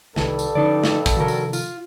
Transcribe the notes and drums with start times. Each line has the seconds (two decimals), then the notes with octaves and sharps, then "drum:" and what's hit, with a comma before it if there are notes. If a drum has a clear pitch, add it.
0.16 C2 G2 D#3 A4, drum: snare
0.39 drum: tambourine
0.55 D3 F3 C#4 D#4 D5
0.84 drum: snare
1.06 drum: kick, tambourine
1.17 C3 D#3 F3 F#4 A#4
1.28 drum: tambourine
1.53 F4, drum: tambourine